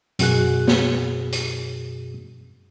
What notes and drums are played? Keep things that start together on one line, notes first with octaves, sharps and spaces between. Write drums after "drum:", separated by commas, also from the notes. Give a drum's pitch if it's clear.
F#2 B2 F#4 G#4 F#6, drum: hi-hat
drum: snare
drum: hi-hat